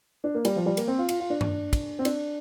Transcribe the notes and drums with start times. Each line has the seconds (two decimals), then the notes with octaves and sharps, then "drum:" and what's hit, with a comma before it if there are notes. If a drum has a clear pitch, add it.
0.24 D4
0.35 A#3
0.45 G3, drum: cymbal
0.56 F3
0.66 G3
0.77 A#3, drum: cymbal
0.88 C4
0.98 F4
1.09 F4, drum: cymbal
1.20 F4
1.30 D4
1.41 drum: tom G2
1.73 drum: kick, cymbal
1.99 C4
2.05 D4, drum: cymbal